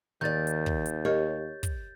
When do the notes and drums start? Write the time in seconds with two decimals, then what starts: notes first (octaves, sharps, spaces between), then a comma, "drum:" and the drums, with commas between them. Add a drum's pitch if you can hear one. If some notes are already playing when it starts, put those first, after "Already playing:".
0.21 D#2 D#3 D5 G6 A6
0.47 drum: hi-hat
0.66 drum: kick
0.86 drum: hi-hat
1.05 G4 A#4 C#5 D#5
1.63 drum: kick, hi-hat